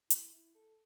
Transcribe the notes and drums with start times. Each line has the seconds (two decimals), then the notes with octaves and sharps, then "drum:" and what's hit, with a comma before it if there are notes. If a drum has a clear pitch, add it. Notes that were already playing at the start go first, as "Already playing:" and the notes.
0.10 E4, drum: hi-hat
0.33 E4
0.55 A4